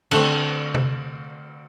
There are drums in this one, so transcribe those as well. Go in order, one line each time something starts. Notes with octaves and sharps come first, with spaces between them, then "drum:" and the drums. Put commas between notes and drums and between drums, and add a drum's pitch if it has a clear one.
D3 A3 C4 F#5, drum: cymbal
drum: tom C3